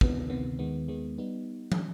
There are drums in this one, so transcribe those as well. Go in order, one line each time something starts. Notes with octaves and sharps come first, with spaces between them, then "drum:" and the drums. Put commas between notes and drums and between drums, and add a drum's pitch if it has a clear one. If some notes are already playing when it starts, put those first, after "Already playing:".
D2 C3 D#3 B3, drum: kick
D2 C3 D#3 B3
D#2 D#3 G#3 B3
D#2 D#3 G#3 B3
G3 B3 D#4
drum: tom